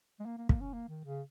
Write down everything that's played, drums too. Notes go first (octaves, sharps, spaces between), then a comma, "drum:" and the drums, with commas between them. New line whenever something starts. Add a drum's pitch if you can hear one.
G#3
A#3
A#3
A#3, drum: kick
C#4
A#3
D#3
C#3